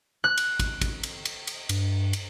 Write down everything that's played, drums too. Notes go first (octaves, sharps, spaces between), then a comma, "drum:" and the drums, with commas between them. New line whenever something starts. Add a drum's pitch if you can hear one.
F#6
drum: cymbal
drum: kick, cymbal
drum: kick, cymbal
drum: cymbal
drum: cymbal
drum: cymbal
G2, drum: cymbal
drum: cymbal